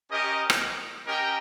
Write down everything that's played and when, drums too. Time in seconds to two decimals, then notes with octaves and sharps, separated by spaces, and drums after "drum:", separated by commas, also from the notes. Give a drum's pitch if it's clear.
0.11 C#4 G4 A#4 D#5
0.50 drum: rim click
1.06 C#4 G4 A#4 D#5 G5